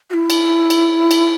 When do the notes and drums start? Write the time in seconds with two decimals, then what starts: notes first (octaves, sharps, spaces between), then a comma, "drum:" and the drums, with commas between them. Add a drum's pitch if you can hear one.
0.10 F#4
0.13 E4
0.30 drum: cymbal
0.70 drum: cymbal
1.11 drum: cymbal